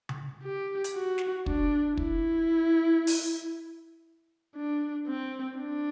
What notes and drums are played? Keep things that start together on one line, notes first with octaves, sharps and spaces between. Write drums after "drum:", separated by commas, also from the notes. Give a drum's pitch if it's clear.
drum: tom C#3
G4
drum: hi-hat
F#4
drum: snare
D4, drum: kick
E4, drum: kick
drum: open hi-hat
D4
C4
D4